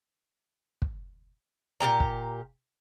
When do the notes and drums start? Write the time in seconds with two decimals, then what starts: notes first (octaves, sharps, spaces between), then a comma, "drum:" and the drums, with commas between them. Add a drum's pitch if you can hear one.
0.82 drum: kick
1.80 A#2 D#3 G4 A#5
2.00 drum: kick